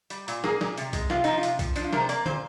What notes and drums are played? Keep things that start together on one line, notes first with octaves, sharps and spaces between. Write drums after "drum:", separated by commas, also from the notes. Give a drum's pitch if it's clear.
G3, drum: hi-hat
A#2, drum: hi-hat
A#3 G#4, drum: snare
A#2, drum: snare
C3, drum: hi-hat
G#3, drum: kick C2, hi-hat
C3 F4, drum: snare
F3 D#4, drum: hi-hat
F4
C3, drum: hi-hat
F3, drum: kick C2, hi-hat
F3 D4, drum: hi-hat
F4
C3 A#4, drum: snare
C5
A#3 D5, drum: hi-hat
A#2 C5, drum: tom